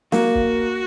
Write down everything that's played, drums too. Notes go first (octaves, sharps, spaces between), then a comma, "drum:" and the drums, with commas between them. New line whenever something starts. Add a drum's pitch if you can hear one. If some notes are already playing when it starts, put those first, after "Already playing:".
A#3 F#4, drum: snare
drum: kick